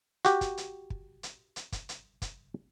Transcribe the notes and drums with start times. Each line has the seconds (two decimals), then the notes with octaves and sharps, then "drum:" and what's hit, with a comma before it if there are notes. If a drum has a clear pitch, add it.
0.25 F#4 G4, drum: hi-hat
0.41 drum: kick, hi-hat
0.57 drum: hi-hat
0.90 drum: kick
1.23 drum: hi-hat
1.56 drum: hi-hat
1.72 drum: kick, hi-hat
1.89 drum: hi-hat
2.22 drum: kick, hi-hat